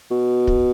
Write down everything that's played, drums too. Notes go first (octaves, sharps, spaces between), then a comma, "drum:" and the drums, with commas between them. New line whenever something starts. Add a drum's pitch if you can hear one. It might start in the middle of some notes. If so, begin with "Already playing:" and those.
B2
drum: kick